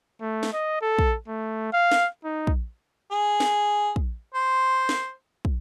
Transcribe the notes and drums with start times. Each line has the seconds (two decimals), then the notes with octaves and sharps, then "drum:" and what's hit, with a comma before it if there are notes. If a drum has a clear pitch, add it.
0.21 A3
0.43 drum: snare
0.53 D#5
0.81 A4
0.99 drum: kick
1.28 A3
1.73 F5
1.92 drum: snare
2.24 D#4
2.47 drum: kick
3.11 G#4
3.40 drum: snare
3.96 drum: kick
4.35 C5
4.89 drum: snare
5.45 drum: kick